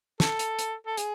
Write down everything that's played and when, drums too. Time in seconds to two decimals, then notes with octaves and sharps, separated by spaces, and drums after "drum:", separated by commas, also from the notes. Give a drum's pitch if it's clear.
0.20 A4, drum: snare
0.39 drum: hi-hat
0.59 drum: hi-hat
0.86 A4
0.98 G#4, drum: hi-hat